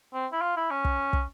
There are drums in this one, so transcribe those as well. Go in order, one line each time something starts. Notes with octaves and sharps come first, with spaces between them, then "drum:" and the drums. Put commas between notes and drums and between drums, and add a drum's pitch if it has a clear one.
C4
E4
F4
E4
C#4
drum: kick
drum: kick